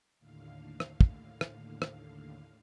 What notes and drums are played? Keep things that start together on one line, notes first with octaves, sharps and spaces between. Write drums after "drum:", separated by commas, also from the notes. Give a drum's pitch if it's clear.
D#2 A2 D3 F5
drum: rim click
drum: kick
drum: rim click
drum: rim click